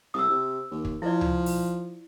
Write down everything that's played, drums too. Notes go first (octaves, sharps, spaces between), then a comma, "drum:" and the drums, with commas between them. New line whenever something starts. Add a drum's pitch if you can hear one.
C2 D#6 E6
C3
D#2
drum: kick
F3 E4 D5
drum: tom C#2
drum: open hi-hat